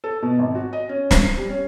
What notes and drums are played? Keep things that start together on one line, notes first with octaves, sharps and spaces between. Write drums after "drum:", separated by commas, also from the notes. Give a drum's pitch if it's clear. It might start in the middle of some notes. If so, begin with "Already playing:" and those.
A4
B2
G#1
F#4
D#5
C#4
C5, drum: snare
C7
G3
C#4